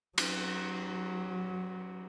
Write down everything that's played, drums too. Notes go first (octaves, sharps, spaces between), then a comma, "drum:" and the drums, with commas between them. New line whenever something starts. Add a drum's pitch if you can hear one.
F#3, drum: cymbal